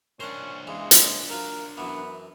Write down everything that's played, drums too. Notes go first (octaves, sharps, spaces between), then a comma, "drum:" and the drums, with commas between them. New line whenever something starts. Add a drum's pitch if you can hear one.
C#4 D4 A#4 C5 F#5
E2 C#3 G#3
drum: hi-hat
F#3 F4 A#4 B4
F#2 E3 B3